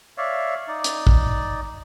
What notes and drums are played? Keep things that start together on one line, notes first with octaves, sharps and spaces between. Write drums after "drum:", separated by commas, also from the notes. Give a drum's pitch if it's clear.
C#5 D5 E5 F5
D#4 D5
drum: hi-hat
drum: kick A1